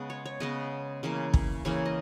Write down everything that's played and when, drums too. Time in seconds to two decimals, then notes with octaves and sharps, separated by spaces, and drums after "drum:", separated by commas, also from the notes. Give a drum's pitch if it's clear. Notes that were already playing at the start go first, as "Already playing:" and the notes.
Already playing: C#3 G#3 B3
0.10 C#5
0.26 C#5
0.40 C#3 G#3 B3 D#5
1.03 C#3 E3 A#3
1.34 drum: kick
1.65 C#3 E3 A#3 C#5
1.85 D#5